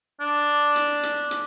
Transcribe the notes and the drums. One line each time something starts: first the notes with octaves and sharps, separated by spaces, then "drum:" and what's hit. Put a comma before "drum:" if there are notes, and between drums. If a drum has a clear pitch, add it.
D4
drum: hi-hat
drum: hi-hat
drum: hi-hat